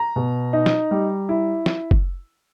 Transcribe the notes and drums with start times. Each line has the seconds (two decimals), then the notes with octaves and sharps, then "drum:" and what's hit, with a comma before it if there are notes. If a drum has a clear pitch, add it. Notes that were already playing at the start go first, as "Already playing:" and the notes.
Already playing: A#5
0.16 B2
0.53 D#4
0.66 drum: snare
0.91 G3
1.29 E4
1.66 drum: snare
1.91 drum: kick